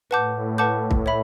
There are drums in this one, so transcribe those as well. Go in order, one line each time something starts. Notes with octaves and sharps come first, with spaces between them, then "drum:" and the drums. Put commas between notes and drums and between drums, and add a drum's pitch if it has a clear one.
A2 B4 F#5 A5 D6 G6
B4 F#5 A5 D6 G6
drum: kick
C#5 E5 B5